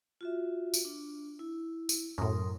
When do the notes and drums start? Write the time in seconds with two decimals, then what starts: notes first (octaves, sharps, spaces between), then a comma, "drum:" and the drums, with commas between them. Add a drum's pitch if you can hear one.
0.21 F4 F#4 E5
0.74 drum: tambourine
0.85 D4
1.39 E4
1.89 drum: tambourine
2.18 F#2 A2 A#4 C6 D#6